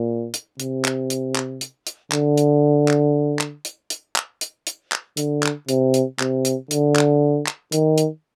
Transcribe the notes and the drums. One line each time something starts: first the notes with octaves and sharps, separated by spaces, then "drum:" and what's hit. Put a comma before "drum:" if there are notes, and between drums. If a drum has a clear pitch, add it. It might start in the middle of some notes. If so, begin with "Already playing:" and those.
Already playing: A#2
drum: hi-hat
C3, drum: hi-hat
drum: clap
drum: hi-hat
drum: clap
drum: hi-hat
drum: hi-hat
D3, drum: clap
drum: hi-hat
drum: clap
drum: clap
drum: hi-hat
drum: hi-hat
drum: clap
drum: hi-hat
drum: hi-hat
drum: clap
D3, drum: hi-hat
drum: clap
C3, drum: hi-hat
drum: hi-hat
C3, drum: clap
drum: hi-hat
D3, drum: hi-hat
drum: clap
drum: clap
D#3, drum: hi-hat
drum: hi-hat